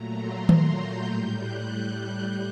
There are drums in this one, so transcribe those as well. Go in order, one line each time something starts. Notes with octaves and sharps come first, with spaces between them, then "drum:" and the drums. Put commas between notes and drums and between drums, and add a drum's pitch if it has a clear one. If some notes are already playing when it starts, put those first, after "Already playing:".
Already playing: A#2 F#3 A3 A#5
C6
drum: tom D#3
G6
A2 G3 G6
F#6